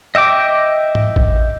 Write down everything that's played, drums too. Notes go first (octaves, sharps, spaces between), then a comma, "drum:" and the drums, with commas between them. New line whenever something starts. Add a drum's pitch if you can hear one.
D#5 E5 G5 D6
drum: tom G#2
drum: kick A1